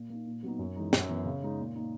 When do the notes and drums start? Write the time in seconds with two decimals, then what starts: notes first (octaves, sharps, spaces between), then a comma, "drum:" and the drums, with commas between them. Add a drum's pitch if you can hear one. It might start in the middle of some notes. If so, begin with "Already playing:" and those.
Already playing: A#2
0.10 A#3 D#4
0.26 A#2
0.43 F#3 B3 D#4
0.59 F#2
0.76 E3 G#3 D#4
0.93 F#2, drum: snare
1.09 E3 B3 E4
1.25 C#3
1.43 G#3 D#4
1.59 A#2
1.75 A#3 D#4